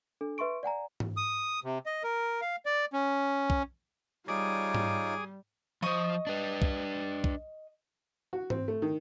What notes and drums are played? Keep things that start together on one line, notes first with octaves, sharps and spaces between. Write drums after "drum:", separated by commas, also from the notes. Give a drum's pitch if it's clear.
D4 A4
B4 E5 C6 C#6 D7
D5 F#5 G#5 A#5
drum: tom G#2
D#6
C3
D#5
A#4
F5
D5
C#4
drum: kick
G3 D#4 F4 G#4 C#5 D6 D#6
drum: tom G#2
F3 C5 D#5 C#6 D#6
D4 B4
drum: kick
drum: kick
F#4
C4, drum: tom G#2
A3
D#3